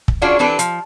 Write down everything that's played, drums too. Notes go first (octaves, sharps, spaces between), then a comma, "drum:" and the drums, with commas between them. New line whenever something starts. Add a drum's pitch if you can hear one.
drum: kick
C#4 D4 F4 F#4 G#4 D5
E3 C4 D4 G4 A4 B4
F3, drum: hi-hat